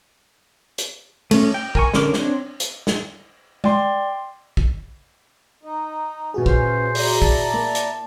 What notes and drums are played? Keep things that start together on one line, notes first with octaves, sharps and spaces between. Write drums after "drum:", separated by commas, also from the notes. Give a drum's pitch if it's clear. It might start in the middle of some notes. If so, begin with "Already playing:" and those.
drum: hi-hat
A3 C#4, drum: cymbal
G5
A#4 G#5 C#6, drum: kick
D3 C#4 A#4 D6, drum: snare
C4 D4 C#5, drum: snare
drum: hi-hat
drum: snare
D5 G5 C6, drum: tom G#3
drum: kick
D#4
A#2 E3 C#4 F#4 G#4
C5, drum: kick
E4 D5 A#5, drum: open hi-hat
A5, drum: kick
A#3
drum: hi-hat